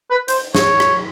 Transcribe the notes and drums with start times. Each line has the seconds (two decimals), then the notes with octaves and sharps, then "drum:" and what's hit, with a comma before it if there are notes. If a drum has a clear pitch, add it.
0.11 B4
0.28 C5, drum: hi-hat
0.55 C#5, drum: snare
0.80 drum: rim click